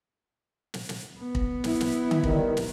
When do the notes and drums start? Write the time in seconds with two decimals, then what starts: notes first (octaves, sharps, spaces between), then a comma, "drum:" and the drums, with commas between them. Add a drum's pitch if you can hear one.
0.74 drum: snare
0.89 drum: snare
1.19 B3
1.35 drum: kick
1.64 E4, drum: snare
1.80 drum: snare
2.11 drum: tom D3
2.24 D#3 G3, drum: kick
2.57 drum: snare